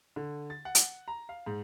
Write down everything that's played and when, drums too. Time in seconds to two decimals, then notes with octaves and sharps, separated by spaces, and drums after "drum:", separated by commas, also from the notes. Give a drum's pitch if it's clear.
0.16 D3
0.50 A6
0.65 F#5
0.75 drum: hi-hat
1.08 A#5
1.29 F5
1.46 G#2